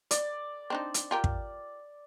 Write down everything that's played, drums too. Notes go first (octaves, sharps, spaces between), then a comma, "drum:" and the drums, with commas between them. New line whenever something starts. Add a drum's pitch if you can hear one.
D5, drum: hi-hat
C4 D4 D#4
drum: hi-hat
F4 G4 A#4
drum: kick